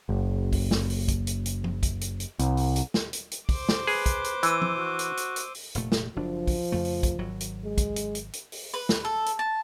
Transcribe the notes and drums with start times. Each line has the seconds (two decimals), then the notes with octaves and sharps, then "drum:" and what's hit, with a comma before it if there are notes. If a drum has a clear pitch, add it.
0.09 F#1
0.53 drum: kick, open hi-hat
0.71 drum: snare
0.90 drum: open hi-hat
1.08 drum: kick, hi-hat
1.27 drum: hi-hat
1.46 drum: hi-hat
1.64 drum: tom F3
1.83 drum: kick, hi-hat
2.01 drum: hi-hat
2.20 drum: hi-hat
2.39 C2, drum: hi-hat
2.57 drum: open hi-hat
2.76 drum: hi-hat
2.94 drum: snare
3.13 drum: hi-hat
3.31 drum: hi-hat
3.49 C5 D6, drum: kick, open hi-hat
3.69 drum: snare
3.87 G#4 B4, drum: open hi-hat
4.06 drum: kick, hi-hat
4.24 drum: hi-hat
4.43 E3 E6 D#7, drum: hi-hat
4.62 drum: tom F3
4.77 F#4
4.99 drum: hi-hat
5.17 drum: hi-hat
5.36 drum: hi-hat
5.55 drum: open hi-hat
5.75 F1 A#2 A3, drum: hi-hat
5.92 drum: snare
6.16 F#1 F3 D4
6.47 drum: kick, open hi-hat
6.72 F2 C#3 A3
6.85 drum: open hi-hat
7.03 drum: kick, hi-hat
7.19 G#1 F#3
7.40 drum: hi-hat
7.64 G#3
7.78 drum: kick, hi-hat
7.96 drum: hi-hat
8.15 drum: hi-hat
8.33 drum: hi-hat
8.52 drum: open hi-hat
8.74 B4
8.89 drum: snare
9.05 A4
9.26 drum: hi-hat
9.39 A5